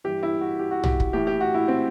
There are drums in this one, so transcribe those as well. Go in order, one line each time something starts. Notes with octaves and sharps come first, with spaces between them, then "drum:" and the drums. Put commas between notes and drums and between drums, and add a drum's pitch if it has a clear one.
G2 E3 G4
E4
F#4
G4
F#4
G4, drum: tom
drum: kick
A2 E3 G4
G4
F#4
E4
C4